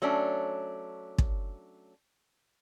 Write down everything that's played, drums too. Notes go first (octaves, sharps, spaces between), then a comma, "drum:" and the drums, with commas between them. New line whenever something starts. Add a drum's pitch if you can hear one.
F#3 A3 C#4 D4
drum: kick